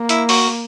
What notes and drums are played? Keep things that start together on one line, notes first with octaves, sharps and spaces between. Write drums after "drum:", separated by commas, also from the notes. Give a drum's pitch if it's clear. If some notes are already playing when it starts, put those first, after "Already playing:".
Already playing: A#3
E4, drum: hi-hat
F#4, drum: open hi-hat